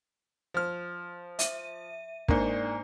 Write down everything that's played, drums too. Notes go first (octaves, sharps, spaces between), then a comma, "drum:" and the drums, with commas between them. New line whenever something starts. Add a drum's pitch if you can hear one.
F3 F6
E5 D#7, drum: hi-hat
G#2 A#3 D4 D5, drum: kick